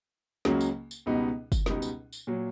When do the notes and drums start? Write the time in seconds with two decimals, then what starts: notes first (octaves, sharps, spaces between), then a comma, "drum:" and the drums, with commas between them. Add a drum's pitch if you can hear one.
0.45 C#2 C#3 F#3 A#3, drum: snare
0.61 drum: tambourine
0.91 drum: tambourine
1.06 C#2 B2 G3 B3 D#4
1.52 drum: kick, tambourine
1.66 C#2 B2 G3 B3 D#4, drum: snare
1.82 drum: tambourine
2.12 drum: tambourine
2.27 A#2 F#3